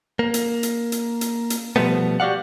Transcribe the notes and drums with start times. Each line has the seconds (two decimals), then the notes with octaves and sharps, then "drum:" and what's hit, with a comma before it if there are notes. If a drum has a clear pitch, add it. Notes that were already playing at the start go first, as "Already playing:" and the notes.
0.19 A#3
0.34 drum: hi-hat
0.63 drum: hi-hat
0.92 drum: hi-hat
1.21 drum: hi-hat
1.50 drum: hi-hat
1.76 B2 F3 G3 A3 B3
2.20 F#4 G4 D5 F5 F#5